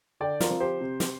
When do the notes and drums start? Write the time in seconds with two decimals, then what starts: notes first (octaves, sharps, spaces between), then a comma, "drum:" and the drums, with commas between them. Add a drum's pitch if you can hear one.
0.20 D3 D5 G5
0.40 F4 A#4, drum: snare
0.50 F3 C4
0.60 G4 C5
0.81 C3
1.00 drum: snare